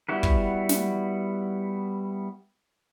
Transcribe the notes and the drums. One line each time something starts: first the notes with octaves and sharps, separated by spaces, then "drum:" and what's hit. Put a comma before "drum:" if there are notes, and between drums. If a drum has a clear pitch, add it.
G3 B3 E4 F#4 B4
drum: kick
drum: snare